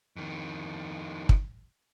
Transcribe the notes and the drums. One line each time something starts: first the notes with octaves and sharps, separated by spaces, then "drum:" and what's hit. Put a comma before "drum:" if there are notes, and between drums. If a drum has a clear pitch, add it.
F2 D#3
drum: kick